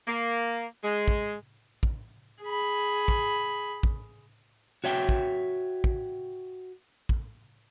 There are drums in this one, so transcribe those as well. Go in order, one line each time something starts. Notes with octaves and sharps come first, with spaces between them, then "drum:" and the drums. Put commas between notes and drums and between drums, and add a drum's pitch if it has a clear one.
A#3
G#3
drum: kick
drum: kick
G#4 B5
drum: kick
drum: kick
F#4 C#5 E5 G5
drum: kick
drum: kick
drum: kick